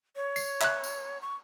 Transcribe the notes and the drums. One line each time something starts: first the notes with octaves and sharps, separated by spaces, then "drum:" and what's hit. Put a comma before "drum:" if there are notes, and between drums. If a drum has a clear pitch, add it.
C#5
C7, drum: tambourine
E5 F#6, drum: clap
drum: tambourine
C#6